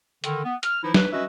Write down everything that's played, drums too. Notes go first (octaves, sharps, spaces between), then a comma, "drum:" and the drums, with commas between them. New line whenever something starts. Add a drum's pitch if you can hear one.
D3 D#3, drum: hi-hat
B3
F6, drum: hi-hat
E3 F3 D#4 E4
B4, drum: snare
C#4 F#4 B4 D#5 E5